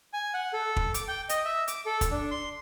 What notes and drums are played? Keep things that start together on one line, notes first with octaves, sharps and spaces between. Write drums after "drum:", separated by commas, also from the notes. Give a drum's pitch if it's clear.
G#5
F#5
A4
drum: kick
D6, drum: hi-hat
G5
D#5, drum: hi-hat
E5
D6, drum: hi-hat
A4
drum: kick, hi-hat
D4
C6